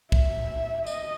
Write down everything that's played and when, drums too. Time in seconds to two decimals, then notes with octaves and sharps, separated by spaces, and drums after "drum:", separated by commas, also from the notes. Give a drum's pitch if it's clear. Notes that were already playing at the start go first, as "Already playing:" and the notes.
0.12 E5, drum: kick
0.86 D#5, drum: tambourine